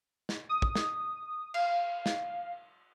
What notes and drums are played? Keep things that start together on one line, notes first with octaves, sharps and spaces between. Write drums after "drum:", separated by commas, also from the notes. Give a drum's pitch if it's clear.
drum: snare
D#6
drum: kick
drum: snare
F5, drum: cymbal
drum: snare